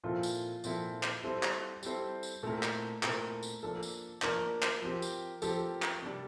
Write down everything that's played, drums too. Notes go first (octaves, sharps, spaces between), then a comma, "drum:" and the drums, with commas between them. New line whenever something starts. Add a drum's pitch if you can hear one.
A#2 F3 C4 E4 F4 A4
drum: tambourine
A#2 F3 C4 E4 A4, drum: tambourine
drum: clap
G3 C4 E4 A4 C5
drum: clap
G3 C4 E4 A4 C5, drum: tambourine
drum: tambourine
A#2 A3 C4 E4 A4 A#4
drum: clap
A#2 A3 C4 E4 A#4, drum: clap
drum: tambourine
F3 A#3 D4 A4
drum: tambourine
F3 A#3 D4 A#4, drum: clap
drum: clap
F3 C4 G4
drum: tambourine
F3 C4 G4 A4, drum: tambourine
drum: clap
C3 G3 D4